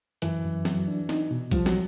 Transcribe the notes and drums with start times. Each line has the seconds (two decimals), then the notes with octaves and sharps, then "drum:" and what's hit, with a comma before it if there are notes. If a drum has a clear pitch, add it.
0.22 F#2 E3, drum: hi-hat
0.44 F#2
0.65 F#3, drum: snare
0.88 D4
1.09 D#4, drum: snare
1.31 B2
1.51 F3 G3, drum: kick, hi-hat
1.66 F#3, drum: snare